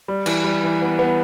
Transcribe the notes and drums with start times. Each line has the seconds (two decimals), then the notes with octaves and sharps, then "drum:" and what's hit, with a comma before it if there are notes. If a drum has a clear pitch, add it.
0.08 G3
0.26 E3, drum: cymbal
0.44 G3
0.63 E3
0.82 B3
0.99 B3